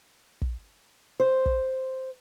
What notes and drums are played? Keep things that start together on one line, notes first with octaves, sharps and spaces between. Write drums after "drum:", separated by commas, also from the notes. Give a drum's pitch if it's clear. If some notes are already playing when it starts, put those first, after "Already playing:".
drum: kick
C5
drum: kick